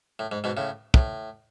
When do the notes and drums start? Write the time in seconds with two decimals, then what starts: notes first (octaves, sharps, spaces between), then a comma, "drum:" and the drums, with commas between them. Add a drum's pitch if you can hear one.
0.19 A2
0.32 G#2
0.44 G#2 B2
0.57 A2 C#3
0.94 A2, drum: kick